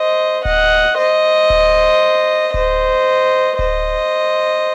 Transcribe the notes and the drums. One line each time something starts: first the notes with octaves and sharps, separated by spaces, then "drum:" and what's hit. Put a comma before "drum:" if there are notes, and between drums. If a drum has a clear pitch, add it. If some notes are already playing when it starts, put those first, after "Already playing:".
Already playing: C5 D#5
D#5 F#5, drum: kick D1
C5 D#5
drum: kick D1
C5 D#5, drum: kick D1
C5 D#5, drum: kick D1